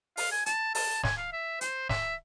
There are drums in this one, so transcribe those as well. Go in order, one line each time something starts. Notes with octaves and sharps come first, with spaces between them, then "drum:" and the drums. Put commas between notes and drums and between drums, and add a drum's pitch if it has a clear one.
F5, drum: open hi-hat
G#5
A5, drum: hi-hat
A5, drum: open hi-hat
G#5, drum: snare
F5
E5
C5, drum: hi-hat
E5, drum: snare